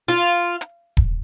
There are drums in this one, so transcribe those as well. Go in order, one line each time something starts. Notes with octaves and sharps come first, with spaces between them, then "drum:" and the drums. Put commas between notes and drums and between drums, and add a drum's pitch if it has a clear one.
F4
drum: hi-hat
drum: kick D#1